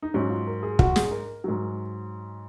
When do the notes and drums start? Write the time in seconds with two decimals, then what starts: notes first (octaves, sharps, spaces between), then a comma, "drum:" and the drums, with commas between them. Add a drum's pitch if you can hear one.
0.03 D#4
0.14 G#2 F#3 C#4
0.30 F4
0.47 A#4
0.63 G#4
0.79 F#4, drum: kick
0.96 G#4, drum: snare
1.11 A#4
1.44 G#2 F#3